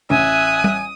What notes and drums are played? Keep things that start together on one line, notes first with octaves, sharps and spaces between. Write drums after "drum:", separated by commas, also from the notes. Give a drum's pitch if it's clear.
A1 E5 G#5 D#6 F#6
drum: tom